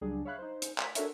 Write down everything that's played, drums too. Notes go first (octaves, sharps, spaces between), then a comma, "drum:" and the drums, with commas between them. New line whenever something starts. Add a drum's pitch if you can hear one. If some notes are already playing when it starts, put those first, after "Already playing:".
C#2 F#3 G3 D4 G#4
C#5 E5 F5 B5 F#6
D#4 C5
drum: hi-hat
B6, drum: clap
D4 F#4 A4 A#4 C#5 E5, drum: hi-hat